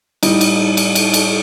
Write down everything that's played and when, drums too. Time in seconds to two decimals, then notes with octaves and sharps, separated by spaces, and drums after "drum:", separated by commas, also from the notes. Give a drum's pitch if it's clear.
0.23 A2 G3 D#4, drum: cymbal
0.41 drum: cymbal
0.77 drum: cymbal
0.95 drum: cymbal
1.14 drum: cymbal